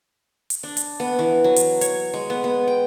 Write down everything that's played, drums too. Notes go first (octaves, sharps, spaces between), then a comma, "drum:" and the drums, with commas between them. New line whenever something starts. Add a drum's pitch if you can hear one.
drum: hi-hat
D4
drum: hi-hat
B3
E3
F#3
drum: hi-hat
C#5, drum: hi-hat
G#3
B3
B3
G5